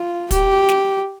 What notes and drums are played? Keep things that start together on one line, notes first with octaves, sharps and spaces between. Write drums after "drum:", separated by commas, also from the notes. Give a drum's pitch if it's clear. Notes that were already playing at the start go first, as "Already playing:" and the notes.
Already playing: F4
G4, drum: kick, hi-hat
drum: snare